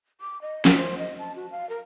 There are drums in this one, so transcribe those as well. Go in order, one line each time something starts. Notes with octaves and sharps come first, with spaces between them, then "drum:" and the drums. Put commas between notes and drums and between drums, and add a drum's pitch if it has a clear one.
D6
D#5
A#4, drum: snare
C5
D#5
A5
F#4
F5
A#4